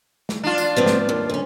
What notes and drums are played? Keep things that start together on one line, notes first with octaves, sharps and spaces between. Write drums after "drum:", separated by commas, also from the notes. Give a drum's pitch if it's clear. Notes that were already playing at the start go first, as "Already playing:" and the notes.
drum: snare
D4 F4
drum: tambourine
F3 B3 C4
drum: snare
D#2
D2 C#4